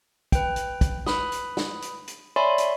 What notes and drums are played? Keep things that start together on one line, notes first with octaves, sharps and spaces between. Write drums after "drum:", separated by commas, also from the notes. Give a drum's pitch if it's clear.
B4 G5, drum: kick, hi-hat
drum: hi-hat
drum: kick, hi-hat
B4 B5 D#6, drum: snare
drum: hi-hat
drum: snare
drum: hi-hat
drum: hi-hat
C#5 D5 E5 G#5 B5 C6
drum: hi-hat